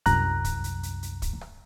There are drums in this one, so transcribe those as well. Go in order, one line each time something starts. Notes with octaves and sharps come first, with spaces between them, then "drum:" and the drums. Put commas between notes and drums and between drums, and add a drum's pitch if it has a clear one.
C2 F#2 A#5 F#6, drum: kick, hi-hat
drum: kick, hi-hat
drum: hi-hat
drum: hi-hat
drum: hi-hat
drum: kick, hi-hat
drum: rim click